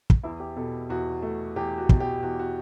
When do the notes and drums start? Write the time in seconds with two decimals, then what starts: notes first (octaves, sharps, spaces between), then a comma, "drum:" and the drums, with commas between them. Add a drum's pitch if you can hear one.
0.10 drum: kick
0.23 E2 E4
0.40 G4
0.56 B2 A4
0.89 E2 F#4
1.22 A3
1.56 E2 G4
1.78 F#4
1.89 B2, drum: kick
2.00 G4
2.22 E2 F#4
2.39 F#4